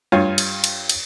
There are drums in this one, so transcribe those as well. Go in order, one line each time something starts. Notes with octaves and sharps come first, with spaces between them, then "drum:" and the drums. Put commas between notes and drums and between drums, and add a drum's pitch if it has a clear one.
G2 F4 C#5 F5
drum: cymbal
drum: cymbal
drum: cymbal